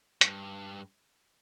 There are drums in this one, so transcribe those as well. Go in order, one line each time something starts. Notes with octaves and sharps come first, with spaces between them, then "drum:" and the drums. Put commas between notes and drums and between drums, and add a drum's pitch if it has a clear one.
G2, drum: hi-hat